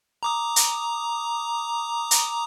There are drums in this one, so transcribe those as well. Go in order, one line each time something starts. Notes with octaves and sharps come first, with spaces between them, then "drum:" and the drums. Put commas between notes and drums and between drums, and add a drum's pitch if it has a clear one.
A#5 D6 D#6
drum: hi-hat
drum: hi-hat